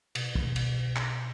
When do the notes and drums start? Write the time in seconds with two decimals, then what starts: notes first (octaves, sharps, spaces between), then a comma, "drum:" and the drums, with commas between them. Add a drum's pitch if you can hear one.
0.15 B2, drum: cymbal
0.35 drum: kick
0.56 drum: cymbal
0.96 drum: clap